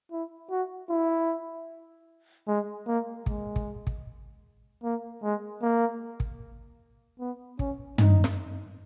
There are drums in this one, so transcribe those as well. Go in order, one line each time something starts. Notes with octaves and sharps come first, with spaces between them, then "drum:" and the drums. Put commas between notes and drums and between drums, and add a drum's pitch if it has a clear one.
E4
F#4
E4
G#3
A#3
G#3, drum: kick
drum: kick
drum: kick
A#3
G#3
A#3
drum: kick
B3
C#4, drum: kick
D#4, drum: tom
drum: snare